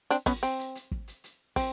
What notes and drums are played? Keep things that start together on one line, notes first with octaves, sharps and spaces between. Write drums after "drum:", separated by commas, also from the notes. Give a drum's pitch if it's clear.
C4 D4, drum: hi-hat
B3 C#4, drum: kick, open hi-hat
C4, drum: hi-hat
drum: hi-hat
drum: hi-hat
drum: kick
drum: hi-hat
drum: hi-hat
C4, drum: kick, open hi-hat